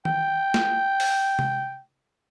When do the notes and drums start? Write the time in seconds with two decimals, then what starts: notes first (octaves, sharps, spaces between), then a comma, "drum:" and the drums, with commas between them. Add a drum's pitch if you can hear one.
0.05 G5, drum: tom D#3
0.54 drum: snare
1.00 drum: open hi-hat
1.39 drum: tom C3